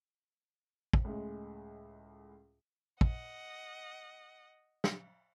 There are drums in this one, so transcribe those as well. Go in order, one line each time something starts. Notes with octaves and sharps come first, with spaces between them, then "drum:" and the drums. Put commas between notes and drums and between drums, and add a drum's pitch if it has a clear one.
drum: kick
C#2 A2 G#3
D#5 F#5, drum: kick
drum: snare